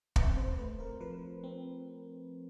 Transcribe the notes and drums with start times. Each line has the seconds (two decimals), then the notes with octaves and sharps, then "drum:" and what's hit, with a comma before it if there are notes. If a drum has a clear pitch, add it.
0.16 C4 B4, drum: kick
0.37 C5
0.58 A3 B4
0.80 A#4
1.00 F3 B4
1.44 C4